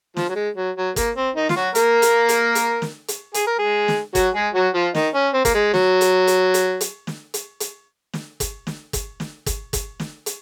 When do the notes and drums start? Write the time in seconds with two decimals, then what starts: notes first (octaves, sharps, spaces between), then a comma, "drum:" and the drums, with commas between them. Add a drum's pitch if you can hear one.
0.17 F3, drum: snare
0.29 F#3
0.35 G#3
0.56 F#3
0.76 F#3
0.96 A#3, drum: kick, hi-hat
1.16 C4
1.35 D#3 D#4
1.49 F4, drum: snare
1.56 F#3 F#4
1.75 A#3 A#4, drum: hi-hat
2.02 drum: hi-hat
2.29 drum: hi-hat
2.55 drum: hi-hat
2.82 drum: snare
3.08 drum: hi-hat
3.34 G#4, drum: hi-hat
3.47 A#4
3.59 G#3 G#4
3.88 drum: snare
4.15 F#3 F#4, drum: kick, hi-hat
4.34 G#3 G#4
4.54 F#3 F#4
4.74 F3 F4
4.95 D#3 D#4, drum: snare
5.14 C#4
5.34 C4
5.45 A#3, drum: kick, hi-hat
5.54 G#3
5.74 F#3, drum: snare
6.01 drum: hi-hat
6.27 drum: hi-hat
6.54 drum: hi-hat
6.81 drum: hi-hat
7.07 drum: snare
7.34 drum: hi-hat
7.60 drum: hi-hat
8.13 drum: snare
8.40 drum: kick, hi-hat
8.67 drum: snare
8.93 drum: kick, hi-hat
9.20 drum: snare
9.46 drum: kick, hi-hat
9.73 drum: kick, hi-hat
10.00 drum: snare
10.26 drum: hi-hat